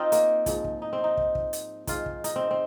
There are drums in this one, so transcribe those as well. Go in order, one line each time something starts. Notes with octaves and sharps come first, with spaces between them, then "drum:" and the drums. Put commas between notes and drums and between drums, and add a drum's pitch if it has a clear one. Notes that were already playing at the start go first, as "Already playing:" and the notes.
Already playing: C4 D#4 F4
A#3, drum: hi-hat
G#2 F3, drum: kick, hi-hat
drum: kick
D#4
C4
D#4
drum: kick
drum: kick
drum: hi-hat
G#2 D#3 F4, drum: kick, hi-hat
drum: kick
D#4, drum: hi-hat
C4
C4